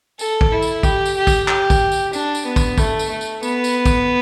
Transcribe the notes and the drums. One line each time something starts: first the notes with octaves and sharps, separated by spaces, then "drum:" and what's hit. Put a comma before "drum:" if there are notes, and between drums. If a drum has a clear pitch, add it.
A4, drum: tambourine
drum: kick
E4
drum: tambourine
G4, drum: kick, tambourine
drum: tambourine
G4
drum: kick, tambourine
G4, drum: clap
drum: kick, tambourine
drum: tambourine
D4, drum: tambourine
drum: tambourine
B3
drum: kick, tambourine
A3, drum: kick, tambourine
drum: tambourine
A3
drum: tambourine
B3, drum: tambourine
drum: tambourine
drum: kick, tambourine